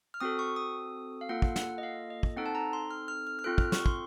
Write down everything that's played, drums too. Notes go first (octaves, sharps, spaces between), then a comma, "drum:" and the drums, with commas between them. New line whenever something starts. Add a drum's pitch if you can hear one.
F6
C4 F#4 A4 D#6
C#6
D#6
F5
A#3 F4 A4 F#5
drum: kick
F#5, drum: snare
D#5
F5
D#5
drum: kick
C4 D#4 A4 F#5
A5
A#5
C6
F6
F6
F6
F6
C4 F4 A4 F#6
F6, drum: kick
C#6, drum: snare
C6, drum: kick